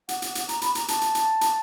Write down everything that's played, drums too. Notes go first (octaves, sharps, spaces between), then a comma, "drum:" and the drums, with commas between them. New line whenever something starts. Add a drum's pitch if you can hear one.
F#5, drum: hi-hat
drum: hi-hat
drum: hi-hat
A#5, drum: hi-hat
B5, drum: hi-hat
A#5, drum: hi-hat
A5, drum: hi-hat
drum: hi-hat
drum: hi-hat
drum: hi-hat